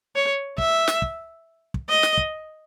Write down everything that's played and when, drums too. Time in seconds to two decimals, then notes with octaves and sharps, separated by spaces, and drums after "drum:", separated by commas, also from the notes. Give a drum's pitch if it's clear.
0.15 C#5
0.58 E5, drum: kick
0.88 drum: snare
1.02 drum: kick
1.74 drum: kick
1.89 D#5
2.03 drum: snare
2.17 drum: kick